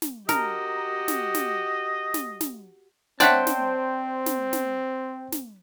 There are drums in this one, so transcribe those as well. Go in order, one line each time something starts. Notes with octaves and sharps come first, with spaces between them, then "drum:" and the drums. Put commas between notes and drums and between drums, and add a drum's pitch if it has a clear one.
drum: snare
F#4 G4 A#4 D#5, drum: snare
drum: snare
drum: snare
drum: snare
drum: snare
C4 D4 C5 C#5 E5 F#5 G5 A5, drum: snare
drum: snare
drum: snare
drum: snare
drum: snare